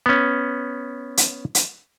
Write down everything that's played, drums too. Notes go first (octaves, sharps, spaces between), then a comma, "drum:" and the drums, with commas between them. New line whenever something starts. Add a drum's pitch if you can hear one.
B3 C#4
drum: hi-hat
drum: hi-hat